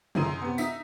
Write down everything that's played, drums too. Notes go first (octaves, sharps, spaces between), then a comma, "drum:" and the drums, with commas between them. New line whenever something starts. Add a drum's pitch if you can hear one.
F#2 D#4 E4 C6 D#7, drum: tom C3
C3 B3
D#4 E5 B6, drum: tambourine